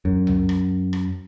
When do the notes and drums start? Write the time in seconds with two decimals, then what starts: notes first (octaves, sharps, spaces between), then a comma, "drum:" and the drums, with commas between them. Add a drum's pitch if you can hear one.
0.05 F#2
0.27 drum: tom C2
0.49 drum: rim click
0.93 drum: rim click